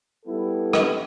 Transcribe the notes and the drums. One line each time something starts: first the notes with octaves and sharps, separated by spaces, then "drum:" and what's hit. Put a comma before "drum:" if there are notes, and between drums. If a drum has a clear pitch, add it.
G3 B3 E4 A4
drum: rim click